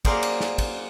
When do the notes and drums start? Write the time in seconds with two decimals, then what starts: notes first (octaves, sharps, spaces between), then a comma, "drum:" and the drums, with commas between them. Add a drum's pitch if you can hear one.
0.05 F#3 A#3 G#4 A#4 C5 D5, drum: kick, cymbal
0.23 drum: cymbal
0.40 drum: snare
0.58 drum: kick, cymbal